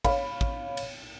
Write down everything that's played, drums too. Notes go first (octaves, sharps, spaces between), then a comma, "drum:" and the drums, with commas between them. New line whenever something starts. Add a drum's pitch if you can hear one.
C#5 F5 B5, drum: kick, cymbal
drum: kick
drum: cymbal